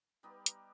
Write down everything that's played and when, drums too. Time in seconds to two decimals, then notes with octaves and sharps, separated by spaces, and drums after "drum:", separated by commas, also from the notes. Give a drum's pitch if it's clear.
0.23 G3 B3 D#4 G4
0.46 drum: hi-hat